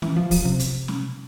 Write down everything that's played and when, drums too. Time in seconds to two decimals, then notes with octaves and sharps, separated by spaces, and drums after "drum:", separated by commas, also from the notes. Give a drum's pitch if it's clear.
0.02 E3, drum: snare
0.16 F3
0.31 F3, drum: kick, open hi-hat
0.45 C3
0.59 drum: hi-hat
0.88 drum: snare